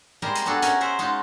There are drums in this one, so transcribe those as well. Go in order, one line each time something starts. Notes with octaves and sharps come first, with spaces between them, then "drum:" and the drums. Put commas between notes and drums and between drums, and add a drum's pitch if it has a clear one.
G3 G#3 A#4 C5 G#5
drum: hi-hat
B3 D4 F#4 G#4 A4
C#4 A#4 C#5 G#5, drum: hi-hat
A#4 C5 E5 F#5
G#3 C#4 D#4 F4 F#4